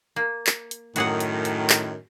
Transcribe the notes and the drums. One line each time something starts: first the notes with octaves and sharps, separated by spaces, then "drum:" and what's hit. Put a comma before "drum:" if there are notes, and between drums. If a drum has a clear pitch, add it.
A#3
drum: clap
drum: hi-hat
F#2 A2 D#3 F#4 G#4 F#5, drum: hi-hat
drum: hi-hat
drum: hi-hat
drum: clap